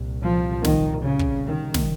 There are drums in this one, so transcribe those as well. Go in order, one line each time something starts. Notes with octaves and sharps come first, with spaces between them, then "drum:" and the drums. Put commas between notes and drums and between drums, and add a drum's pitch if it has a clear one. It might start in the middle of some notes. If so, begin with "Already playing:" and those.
Already playing: C2 A#2
F3
D#3, drum: snare
C#3
drum: kick
D#3
drum: snare